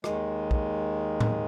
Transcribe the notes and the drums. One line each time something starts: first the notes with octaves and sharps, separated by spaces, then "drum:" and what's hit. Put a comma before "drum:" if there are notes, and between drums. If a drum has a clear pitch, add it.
D#2 D#3 G#3, drum: rim click
drum: kick
drum: tom A2